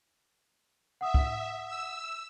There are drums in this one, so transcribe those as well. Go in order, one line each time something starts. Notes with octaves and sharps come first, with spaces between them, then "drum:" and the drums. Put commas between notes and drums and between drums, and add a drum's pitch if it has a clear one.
E5 F#5 D#6
drum: kick
E6